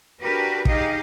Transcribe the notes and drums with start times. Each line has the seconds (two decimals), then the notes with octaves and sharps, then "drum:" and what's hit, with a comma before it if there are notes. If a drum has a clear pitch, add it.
0.20 D4 F#4 G4 A#4 B4
0.65 D#4 G4 G#4 D#5 F5, drum: kick